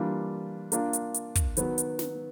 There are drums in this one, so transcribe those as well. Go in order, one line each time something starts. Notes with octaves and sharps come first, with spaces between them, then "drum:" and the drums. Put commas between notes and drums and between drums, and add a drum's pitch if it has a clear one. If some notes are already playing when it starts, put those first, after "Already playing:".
Already playing: E3 G3 A#3 D4 F4
A#3 D4 F4, drum: hi-hat
drum: hi-hat
drum: hi-hat
drum: kick, hi-hat
D#3 F#3 B3, drum: hi-hat
drum: hi-hat
drum: snare